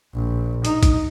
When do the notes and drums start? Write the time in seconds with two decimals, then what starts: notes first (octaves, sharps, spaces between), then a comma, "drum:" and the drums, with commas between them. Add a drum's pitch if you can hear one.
0.13 A#1
0.65 D#4, drum: hi-hat
0.83 drum: kick, hi-hat